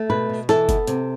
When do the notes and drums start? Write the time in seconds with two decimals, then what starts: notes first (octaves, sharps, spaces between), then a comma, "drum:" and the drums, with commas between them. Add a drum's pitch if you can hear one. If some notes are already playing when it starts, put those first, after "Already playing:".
Already playing: A3
0.10 B2 B4
0.29 B2
0.49 E3 A4, drum: snare
0.69 B3, drum: kick F#1, hi-hat
0.87 C3, drum: hi-hat